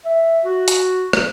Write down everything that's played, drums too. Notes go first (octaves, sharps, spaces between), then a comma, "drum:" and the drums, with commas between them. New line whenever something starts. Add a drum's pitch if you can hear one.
E5
F#4
drum: hi-hat
drum: rim click